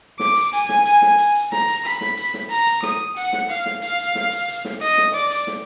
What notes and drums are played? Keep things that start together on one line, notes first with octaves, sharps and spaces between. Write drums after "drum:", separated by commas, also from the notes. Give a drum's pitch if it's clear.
D6, drum: snare
drum: hi-hat
G#5, drum: hi-hat
drum: snare
drum: hi-hat
drum: snare
drum: hi-hat
drum: hi-hat
A#5, drum: snare
drum: hi-hat
B5, drum: hi-hat
drum: snare
drum: hi-hat
drum: snare
A#5, drum: hi-hat
drum: hi-hat
D#6, drum: snare
F#5, drum: hi-hat
drum: snare
F5, drum: hi-hat
drum: snare
F5, drum: hi-hat
drum: hi-hat
drum: snare
drum: hi-hat
drum: hi-hat
drum: snare
D#5, drum: hi-hat
drum: snare
D5, drum: hi-hat
drum: hi-hat
drum: snare